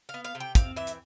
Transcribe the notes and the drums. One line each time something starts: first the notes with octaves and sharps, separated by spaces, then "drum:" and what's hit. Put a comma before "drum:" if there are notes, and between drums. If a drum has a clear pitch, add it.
F5
B3
F5
C3
G5
C4 F5, drum: kick, hi-hat
E3 E5
drum: hi-hat